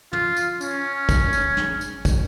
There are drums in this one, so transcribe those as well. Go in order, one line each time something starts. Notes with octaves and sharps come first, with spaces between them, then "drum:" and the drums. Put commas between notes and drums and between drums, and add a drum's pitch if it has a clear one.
F4, drum: tom
drum: tambourine
C#4, drum: tambourine
drum: kick, tambourine
drum: tambourine
drum: snare
drum: tambourine
drum: kick, tambourine